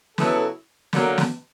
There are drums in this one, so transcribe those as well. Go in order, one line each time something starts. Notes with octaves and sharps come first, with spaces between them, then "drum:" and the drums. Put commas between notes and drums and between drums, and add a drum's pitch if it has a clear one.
C#3 F#3 B3 E4 A4, drum: snare
D3 F#3 A#3, drum: snare
drum: snare